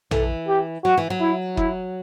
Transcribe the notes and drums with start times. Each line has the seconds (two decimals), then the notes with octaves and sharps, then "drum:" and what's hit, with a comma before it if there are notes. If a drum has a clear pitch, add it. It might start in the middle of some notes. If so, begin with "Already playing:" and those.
0.11 E3 A4, drum: tom A#1
0.48 G4
0.85 F#3 F#4
0.98 E3
1.10 F#3
1.21 E4
1.57 E4, drum: kick F#1